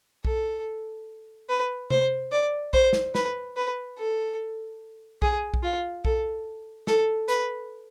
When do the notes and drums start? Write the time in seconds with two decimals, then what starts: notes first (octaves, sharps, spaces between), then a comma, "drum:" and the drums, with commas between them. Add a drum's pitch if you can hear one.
0.25 A4, drum: kick B1
1.49 B4
1.90 C5, drum: tom C3
2.32 D5
2.73 C5, drum: kick B1
2.93 drum: snare
3.15 B4, drum: snare
3.56 B4
3.98 A4
5.22 G#4, drum: kick B1
5.54 drum: kick B1
5.63 F4
6.05 A4, drum: kick B1
6.87 A4, drum: snare
7.28 B4, drum: hi-hat